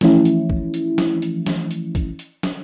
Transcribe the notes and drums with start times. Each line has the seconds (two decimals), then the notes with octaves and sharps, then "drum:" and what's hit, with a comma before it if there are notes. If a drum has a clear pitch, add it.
0.01 E3 F3 A3 C#4 E4, drum: snare
0.25 drum: hi-hat
0.50 drum: kick
0.74 drum: hi-hat
0.98 drum: snare
1.22 drum: hi-hat
1.46 drum: snare
1.71 drum: hi-hat
1.95 drum: kick, hi-hat
2.19 drum: hi-hat
2.43 drum: snare